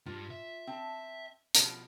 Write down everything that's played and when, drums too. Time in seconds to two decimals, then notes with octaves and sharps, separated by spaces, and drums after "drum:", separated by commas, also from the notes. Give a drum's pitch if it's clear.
0.06 G2 F4
0.31 E5
0.67 C4 A5
1.55 B2 F3 D#5, drum: hi-hat